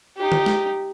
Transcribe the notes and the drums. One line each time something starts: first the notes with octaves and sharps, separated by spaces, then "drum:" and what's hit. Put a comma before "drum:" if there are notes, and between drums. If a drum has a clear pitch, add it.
D#4 G4
drum: tom D3
drum: snare